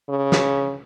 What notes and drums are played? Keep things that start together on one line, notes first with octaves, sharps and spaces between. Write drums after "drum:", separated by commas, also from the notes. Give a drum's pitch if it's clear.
C#3
drum: snare